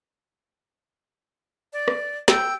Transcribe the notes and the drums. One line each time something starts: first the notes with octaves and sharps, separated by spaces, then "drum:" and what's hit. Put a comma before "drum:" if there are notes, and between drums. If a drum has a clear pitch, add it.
D5
drum: rim click
G5 E6 G6, drum: snare